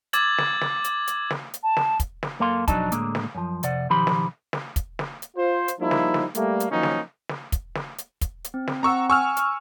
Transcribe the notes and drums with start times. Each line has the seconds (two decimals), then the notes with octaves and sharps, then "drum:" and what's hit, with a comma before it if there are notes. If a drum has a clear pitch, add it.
0.13 D6 E6 G#6 A6 F#7, drum: hi-hat
0.38 drum: snare
0.61 drum: snare
0.84 drum: hi-hat
1.07 drum: hi-hat
1.30 drum: snare
1.54 drum: hi-hat
1.63 A5
1.77 drum: snare
2.00 drum: kick, hi-hat
2.23 drum: snare
2.39 F#2 A#3 A4 F5 C6
2.68 B1 F2 F#3 D4 D#4 A5, drum: kick, hi-hat
2.92 A2 D3 G#3 A#3, drum: hi-hat
3.15 drum: snare
3.35 F#2 F3
3.63 F2 C3 D5 F#5, drum: hi-hat
3.90 B1 D#3 F3 G4 B5 C6
4.07 drum: snare
4.53 drum: snare
4.76 drum: kick, hi-hat
4.99 drum: snare
5.22 drum: hi-hat
5.36 F4 C5
5.68 drum: hi-hat
5.79 F3 G3 A#3 D#4 E4
5.91 drum: snare
6.14 drum: snare
6.35 G3 A3 A#3, drum: hi-hat
6.60 drum: hi-hat
6.70 D#3 F3 F#3 A#3 C#4 D#4
6.83 drum: snare
7.29 drum: snare
7.52 drum: kick, hi-hat
7.75 drum: snare
7.98 drum: hi-hat
8.21 drum: kick, hi-hat
8.44 drum: hi-hat
8.54 C4
8.67 drum: snare
8.83 C4 F#5 A#5 C#6 E6
9.10 G#5 C#6 E6 F6
9.37 drum: hi-hat